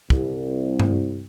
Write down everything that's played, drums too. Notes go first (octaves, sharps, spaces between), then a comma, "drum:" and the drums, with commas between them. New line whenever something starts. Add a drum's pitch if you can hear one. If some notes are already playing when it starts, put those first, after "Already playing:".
C2, drum: kick
drum: tom G2